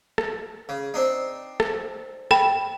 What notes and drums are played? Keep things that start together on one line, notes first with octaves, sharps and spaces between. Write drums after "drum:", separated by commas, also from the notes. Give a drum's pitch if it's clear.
drum: rim click
C#3
C4 D4 D#4
drum: rim click
G5 B5, drum: rim click